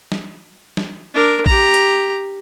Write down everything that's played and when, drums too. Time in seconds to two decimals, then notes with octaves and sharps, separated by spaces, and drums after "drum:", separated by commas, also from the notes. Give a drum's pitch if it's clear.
0.12 drum: snare
0.77 drum: snare
1.14 D4 A#4
1.46 G4 A#5, drum: kick
1.74 drum: hi-hat